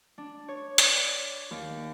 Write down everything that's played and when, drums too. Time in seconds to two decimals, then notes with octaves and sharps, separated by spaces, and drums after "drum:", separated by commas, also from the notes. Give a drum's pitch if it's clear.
0.18 D4
0.48 C#5
0.78 D5, drum: hi-hat
1.51 D#2